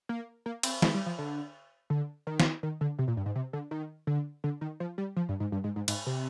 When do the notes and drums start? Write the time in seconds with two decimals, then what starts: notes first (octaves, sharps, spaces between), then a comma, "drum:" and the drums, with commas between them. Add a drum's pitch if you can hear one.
0.09 A#3
0.46 A#3
0.63 C4, drum: cymbal
0.82 G#3, drum: snare
0.94 G3
1.06 F3
1.18 D3
1.90 D3
2.27 D#3
2.40 drum: snare
2.63 D#3
2.81 D3
2.99 C3
3.08 A#2
3.17 G2
3.26 G#2
3.36 C3
3.53 D3
3.71 D#3
4.07 D3
4.44 D3
4.61 D#3
4.80 F3
4.98 G3
5.16 F3
5.29 G2
5.40 G#2
5.52 G2
5.64 G#2
5.76 G#2
5.88 G#2, drum: cymbal
6.06 C3